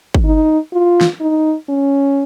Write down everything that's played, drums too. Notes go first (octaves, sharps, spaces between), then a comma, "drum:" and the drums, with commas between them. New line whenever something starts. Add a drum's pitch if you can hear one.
drum: kick
D#4
F4
drum: snare
D#4
C#4